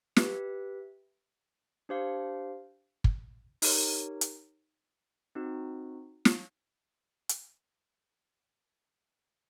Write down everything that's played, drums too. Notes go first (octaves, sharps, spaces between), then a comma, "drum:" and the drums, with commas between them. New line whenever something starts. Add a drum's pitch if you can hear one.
G4 B4 E5, drum: snare
D4 G4 C5 F5
drum: kick
D#4 G4 A#4 C#5, drum: open hi-hat
drum: hi-hat
C4 D#4 F#4
drum: snare
drum: hi-hat